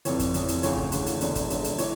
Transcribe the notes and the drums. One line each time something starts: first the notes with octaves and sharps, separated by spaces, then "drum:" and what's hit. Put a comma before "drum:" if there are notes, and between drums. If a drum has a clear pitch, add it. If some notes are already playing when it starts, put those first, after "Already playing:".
F1 F2 E3 C#5, drum: hi-hat
drum: kick G1, hi-hat
F1 F2 E3, drum: hi-hat
drum: hi-hat
D2 C#3 E3 C#5, drum: hi-hat
drum: kick G1
D2 C#3 E3, drum: hi-hat
drum: hi-hat
E1 E2 D3 C#5, drum: hi-hat
drum: kick G1, hi-hat
E1 E2 D3, drum: hi-hat
drum: hi-hat
E3 C#5, drum: hi-hat